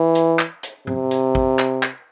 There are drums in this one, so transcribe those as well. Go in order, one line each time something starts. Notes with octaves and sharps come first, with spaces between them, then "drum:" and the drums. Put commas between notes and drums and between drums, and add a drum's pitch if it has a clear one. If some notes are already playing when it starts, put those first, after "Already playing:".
Already playing: E3
drum: hi-hat
drum: clap
drum: hi-hat
C3, drum: tom
drum: hi-hat
drum: kick
drum: clap
drum: clap